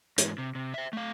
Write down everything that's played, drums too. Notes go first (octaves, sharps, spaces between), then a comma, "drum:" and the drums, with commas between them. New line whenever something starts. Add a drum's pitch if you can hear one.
G#2 E3, drum: hi-hat
C3
C3
C5 E5
A3 F5